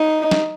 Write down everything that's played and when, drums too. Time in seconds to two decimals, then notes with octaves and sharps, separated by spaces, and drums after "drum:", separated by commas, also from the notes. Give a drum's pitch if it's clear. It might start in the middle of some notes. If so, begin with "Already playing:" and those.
Already playing: D#4
0.31 drum: snare